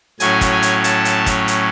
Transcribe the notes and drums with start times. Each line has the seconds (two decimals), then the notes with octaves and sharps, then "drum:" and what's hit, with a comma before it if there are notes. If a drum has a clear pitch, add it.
0.20 A2 F#3 C#4 G#5, drum: hi-hat
0.41 drum: kick, hi-hat
0.52 G#5
0.62 drum: hi-hat
0.84 A5, drum: hi-hat
1.05 drum: hi-hat
1.26 drum: kick, hi-hat
1.48 drum: hi-hat